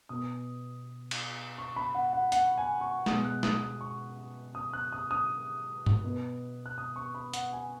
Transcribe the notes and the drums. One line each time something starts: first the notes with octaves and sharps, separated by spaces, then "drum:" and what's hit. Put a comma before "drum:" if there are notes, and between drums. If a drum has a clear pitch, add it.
B2 B3 D#6
drum: cymbal
C#6
B5
F#5
F#5
F#5, drum: hi-hat
G#5
C#6
B2 G#3 B3 D#6, drum: snare
F#6
D#6, drum: snare
D#6
C#6
D#6
F#6
D#6
D#6
drum: tom G2
B2 B3
F#6
D#6
C#6
B5
F#5, drum: hi-hat
G#5